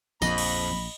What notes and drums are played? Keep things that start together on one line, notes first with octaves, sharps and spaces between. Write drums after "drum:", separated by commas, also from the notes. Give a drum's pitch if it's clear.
A#1 F2 D#5 B5, drum: tambourine
drum: cymbal